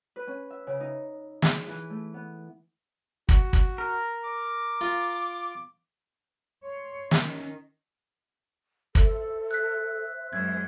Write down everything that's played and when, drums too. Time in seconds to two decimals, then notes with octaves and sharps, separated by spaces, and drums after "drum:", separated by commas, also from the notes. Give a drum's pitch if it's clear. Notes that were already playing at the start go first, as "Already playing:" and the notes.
0.16 B4
0.27 C#4
0.51 E5
0.67 C#3
0.80 D#4
1.42 G#4, drum: snare
1.67 E3
1.90 A3
2.14 B3
3.29 F#4, drum: kick
3.53 drum: kick
3.78 A#4
4.23 D6
4.81 F4
6.63 C#5 C6
7.11 D#3 C#4, drum: snare
8.95 A4 C5 E5, drum: kick
9.51 F#6 B6
10.33 F#2 G#3 G#6